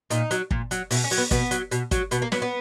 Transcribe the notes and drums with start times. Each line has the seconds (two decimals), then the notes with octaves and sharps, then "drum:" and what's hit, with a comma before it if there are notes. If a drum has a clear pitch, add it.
0.10 A#2 D#4, drum: hi-hat
0.31 F#3, drum: hi-hat
0.51 A#2, drum: kick
0.71 F#3, drum: hi-hat
0.91 B2 E4, drum: open hi-hat
1.04 C#4
1.11 F#3, drum: open hi-hat
1.18 B3
1.31 B2 B3, drum: kick, hi-hat
1.51 F#3, drum: hi-hat
1.71 B2, drum: hi-hat
1.91 F#3, drum: kick, hi-hat
2.11 B2 B3, drum: hi-hat
2.22 A#3
2.32 F#3 B3, drum: snare
2.42 B3